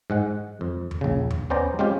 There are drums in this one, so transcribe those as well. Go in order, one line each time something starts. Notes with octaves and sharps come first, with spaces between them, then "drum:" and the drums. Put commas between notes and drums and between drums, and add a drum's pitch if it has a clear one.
G#2 G#3 F#5
F2
drum: tom D#2
A#1 C#3
drum: tom D#2
B3 C#4 C5 D5 G5 A#5
G#3 C4 C#4 F4 G4